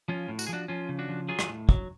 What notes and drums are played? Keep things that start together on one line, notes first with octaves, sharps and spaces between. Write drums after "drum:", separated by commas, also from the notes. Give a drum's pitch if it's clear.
F3 C#4 F4
A2
F#4, drum: tambourine
G#4
F3 D4 F#4
F3 C#4 F4
C#3
D4 F#4
F3
F#3 F4 G#4
drum: rim click
A2
F#3, drum: kick